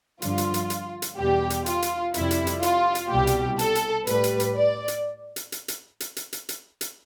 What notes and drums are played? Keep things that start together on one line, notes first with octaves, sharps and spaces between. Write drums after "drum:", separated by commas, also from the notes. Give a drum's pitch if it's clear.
G2 D3 F3 F4, drum: hi-hat
drum: hi-hat
drum: hi-hat
drum: hi-hat
drum: hi-hat
E2 B2 G3 G4
drum: hi-hat
F4, drum: hi-hat
drum: hi-hat
F2 C3 G3 E4, drum: hi-hat
drum: hi-hat
drum: hi-hat
F4, drum: hi-hat
drum: hi-hat
C2 B2 G3 G4
drum: hi-hat
A4, drum: hi-hat
drum: hi-hat
A2 G3 B4, drum: hi-hat
drum: hi-hat
drum: hi-hat
D5
drum: hi-hat
drum: hi-hat
drum: hi-hat
drum: hi-hat
drum: hi-hat
drum: hi-hat
drum: hi-hat
drum: hi-hat
drum: hi-hat